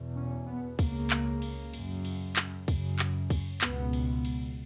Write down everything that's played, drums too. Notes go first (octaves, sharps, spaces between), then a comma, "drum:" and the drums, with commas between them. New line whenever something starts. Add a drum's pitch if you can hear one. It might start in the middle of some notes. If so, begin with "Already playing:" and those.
Already playing: E2 B2
C#4
B3
C#2 C#3 A#3, drum: kick, cymbal
drum: clap
drum: cymbal
F#2 C#3, drum: cymbal
drum: cymbal
drum: clap
F#2 C#3, drum: kick, cymbal
drum: clap
drum: kick, cymbal
C#2 B2 B3, drum: clap
drum: cymbal
drum: cymbal